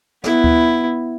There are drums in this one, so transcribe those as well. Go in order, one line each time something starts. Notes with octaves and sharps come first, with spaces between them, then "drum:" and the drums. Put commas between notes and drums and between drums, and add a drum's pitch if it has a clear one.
B3 E4, drum: snare
drum: kick D2